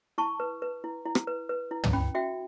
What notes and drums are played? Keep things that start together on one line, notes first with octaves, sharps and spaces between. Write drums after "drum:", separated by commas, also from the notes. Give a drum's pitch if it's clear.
E4 A5 C#6
B4
B4
E4
E4
drum: rim click
B4
B4
E4
drum: tom
C#4 G5 B5
F#4 E5 G5